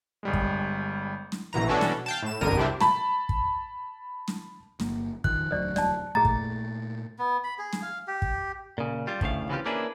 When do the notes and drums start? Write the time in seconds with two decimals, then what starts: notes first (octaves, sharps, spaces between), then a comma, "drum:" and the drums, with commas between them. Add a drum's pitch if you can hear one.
0.23 G1 G3 G#3
0.33 drum: kick
1.32 drum: snare
1.53 A#1 B2 E3 A#5
1.68 B2 E3 C#4 D4 F#4 A4
1.81 drum: snare
2.06 F5 G5 A5
2.22 A2 E7
2.41 G1 C2 F2 D3 A#4 D#7
2.57 C3 G3 C4 D4 E4 G4
2.81 A5 B5, drum: snare
3.29 drum: kick
4.28 drum: snare
4.80 G1 A#3, drum: snare
5.24 D#3 F3 F#6, drum: kick
5.51 E1 D2 F#3 C5 D5
5.76 D5 A5, drum: snare
6.15 A#2 A3 G#4 A#5 A6
6.25 drum: kick
7.19 B3
7.44 B5
7.58 G#4
7.73 drum: snare
7.82 F5
8.07 G4
8.22 drum: kick
8.78 A#2 C#3
9.07 G3 F4
9.21 D2 A2 C#3 F5, drum: kick
9.49 C#3 E3 G3 C4 F4 G4
9.66 A#3 C#4 D4 E4 G#4 B4